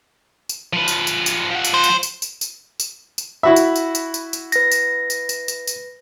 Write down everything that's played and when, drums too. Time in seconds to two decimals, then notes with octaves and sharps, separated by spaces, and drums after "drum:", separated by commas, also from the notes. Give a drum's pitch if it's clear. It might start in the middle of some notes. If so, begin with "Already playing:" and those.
0.49 drum: tambourine
0.73 F3 B4
0.88 drum: tambourine
1.07 drum: tambourine
1.26 drum: tambourine
1.51 F3 F#5
1.65 drum: tambourine
1.74 C5
1.84 drum: tambourine
2.03 drum: tambourine
2.22 drum: tambourine
2.41 drum: tambourine
2.80 drum: tambourine
3.18 drum: tambourine
3.43 E4 F#4 E5 B5
3.56 drum: tambourine
3.76 drum: tambourine
3.95 drum: tambourine
4.14 drum: tambourine
4.33 drum: tambourine
4.52 B4 A#6, drum: tambourine
4.71 drum: tambourine
5.10 drum: tambourine
5.29 drum: tambourine
5.48 drum: tambourine
5.67 drum: tambourine